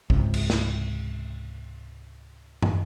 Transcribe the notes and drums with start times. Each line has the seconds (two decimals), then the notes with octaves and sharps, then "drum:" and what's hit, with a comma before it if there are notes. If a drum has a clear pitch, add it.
0.10 C#2 G#2 C3, drum: kick
0.34 drum: cymbal
0.50 drum: snare
2.62 drum: tom